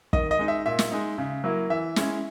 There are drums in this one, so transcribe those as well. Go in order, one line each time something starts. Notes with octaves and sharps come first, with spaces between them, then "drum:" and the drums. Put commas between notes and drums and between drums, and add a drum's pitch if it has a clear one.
D#3 D#5, drum: kick
D#5
G#3 D#4
E5
A#2 E5
drum: snare
G#3 D#4
C#3
F#3 A#3 E4
E3 E5
G#3 C#4 E4, drum: snare